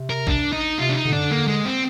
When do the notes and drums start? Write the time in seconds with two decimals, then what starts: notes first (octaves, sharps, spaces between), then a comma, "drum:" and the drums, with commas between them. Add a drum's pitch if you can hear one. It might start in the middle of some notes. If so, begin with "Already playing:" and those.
Already playing: C3
0.10 A#4
0.27 D4, drum: kick A1
0.53 D#4
0.78 C3 F4
0.89 D4
0.96 D#4
1.05 D3, drum: tom
1.13 D4
1.31 A#3
1.48 G#3
1.65 C4